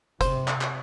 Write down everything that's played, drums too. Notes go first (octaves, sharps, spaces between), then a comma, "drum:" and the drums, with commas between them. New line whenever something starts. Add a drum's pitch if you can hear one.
C3 C5, drum: kick F#1, hi-hat
drum: clap
drum: clap